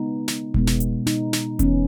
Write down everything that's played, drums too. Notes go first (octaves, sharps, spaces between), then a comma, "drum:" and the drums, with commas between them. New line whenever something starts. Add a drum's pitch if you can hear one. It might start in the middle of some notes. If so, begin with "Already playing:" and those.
Already playing: C#3 G#3 B3 D#4
drum: snare
B2 G#3 B3, drum: kick F1
drum: snare
drum: hi-hat
D#4, drum: snare
drum: snare
E3 B3 C#4, drum: kick F1, hi-hat